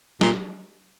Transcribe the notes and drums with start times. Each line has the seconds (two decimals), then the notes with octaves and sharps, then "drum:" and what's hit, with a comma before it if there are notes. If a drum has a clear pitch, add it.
0.21 A#2, drum: snare